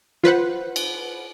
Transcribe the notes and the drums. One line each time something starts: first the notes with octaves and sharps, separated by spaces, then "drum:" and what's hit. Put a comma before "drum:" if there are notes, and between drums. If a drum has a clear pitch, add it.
F4 B4 C5 F#5, drum: snare
drum: cymbal